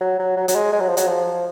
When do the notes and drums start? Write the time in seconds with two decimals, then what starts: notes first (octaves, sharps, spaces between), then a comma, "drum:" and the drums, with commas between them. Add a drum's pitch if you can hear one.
0.01 F#3
0.19 F#3
0.37 F#3
0.48 F#3, drum: hi-hat
0.55 G#3
0.73 G#3
0.81 F#3
0.89 F3
0.97 F#3, drum: hi-hat
1.07 F3